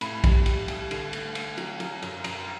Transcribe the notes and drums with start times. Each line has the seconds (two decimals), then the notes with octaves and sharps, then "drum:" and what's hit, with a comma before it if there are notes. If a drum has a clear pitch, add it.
0.01 A2 B5, drum: cymbal
0.24 G3, drum: kick, cymbal
0.46 G3, drum: cymbal
0.68 G3, drum: cymbal
0.91 D3, drum: cymbal
1.13 A3, drum: cymbal
1.35 A3, drum: cymbal
1.58 F#3, drum: cymbal
1.80 F#3, drum: cymbal
2.02 F#2, drum: cymbal
2.24 F#2, drum: cymbal